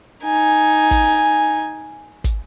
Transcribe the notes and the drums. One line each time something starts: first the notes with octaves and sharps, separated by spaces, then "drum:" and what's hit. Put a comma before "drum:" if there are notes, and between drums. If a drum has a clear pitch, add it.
D#4 G#5
drum: kick, hi-hat
drum: kick, hi-hat